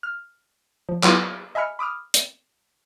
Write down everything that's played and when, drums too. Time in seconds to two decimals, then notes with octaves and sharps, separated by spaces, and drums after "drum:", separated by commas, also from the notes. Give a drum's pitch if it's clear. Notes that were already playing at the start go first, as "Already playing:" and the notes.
0.03 F6
0.89 F3
1.03 F#3 B3 E4 F4, drum: clap
1.55 D#5 E5 G#5 B5 F6 C#7
1.79 B5 D6 D#6 F6
2.14 E7, drum: hi-hat